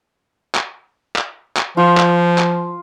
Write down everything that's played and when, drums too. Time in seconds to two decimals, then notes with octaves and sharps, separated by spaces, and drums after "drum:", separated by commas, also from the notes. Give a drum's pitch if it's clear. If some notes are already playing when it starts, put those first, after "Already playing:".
0.55 drum: clap
1.16 drum: clap
1.57 drum: clap
1.77 F3 F4
1.97 drum: clap
2.38 drum: clap